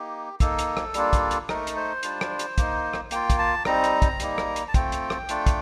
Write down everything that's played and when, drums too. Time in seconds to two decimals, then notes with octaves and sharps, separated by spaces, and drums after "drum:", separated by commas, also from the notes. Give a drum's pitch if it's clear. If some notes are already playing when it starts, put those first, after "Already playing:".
Already playing: A#3 D#4 G4
0.40 A#3 D#4 A4, drum: kick, hi-hat
0.59 drum: hi-hat
0.77 drum: rim click
0.94 G3 A#3 D4 F4, drum: hi-hat
1.13 drum: kick, hi-hat
1.31 drum: hi-hat
1.49 A3 D#4 A#4, drum: rim click
1.67 drum: hi-hat
1.76 C5
2.03 G3 D4 F4, drum: hi-hat
2.21 drum: rim click
2.39 drum: hi-hat
2.58 A#3 D#4, drum: kick, hi-hat
2.93 drum: rim click
3.11 A#3 F4 G5, drum: hi-hat
3.30 drum: kick, hi-hat
3.39 A5
3.65 G3 C4 D#4 A#5, drum: rim click
3.84 drum: hi-hat
4.02 drum: kick, hi-hat
4.20 G3 A#3 D#4, drum: hi-hat
4.38 drum: rim click
4.56 drum: hi-hat
4.68 A5
4.74 A3 C4 F4 G5, drum: kick, hi-hat
4.92 drum: hi-hat
5.10 drum: rim click
5.29 A3 D4 F4, drum: hi-hat
5.46 drum: kick, hi-hat